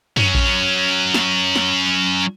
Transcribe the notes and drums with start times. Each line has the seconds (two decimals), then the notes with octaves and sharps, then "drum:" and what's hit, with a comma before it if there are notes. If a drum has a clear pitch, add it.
0.17 F#3 C#4, drum: tom F#2
0.35 drum: kick A#1
1.14 drum: snare
1.56 drum: snare